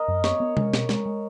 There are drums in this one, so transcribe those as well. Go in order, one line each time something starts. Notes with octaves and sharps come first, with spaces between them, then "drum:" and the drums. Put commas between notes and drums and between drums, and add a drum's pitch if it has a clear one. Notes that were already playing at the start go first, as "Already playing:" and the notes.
Already playing: A#4 D#5
F#2
B3 C#5, drum: snare
B3
G#3, drum: tom C3
B2, drum: snare
G#3, drum: snare
G#3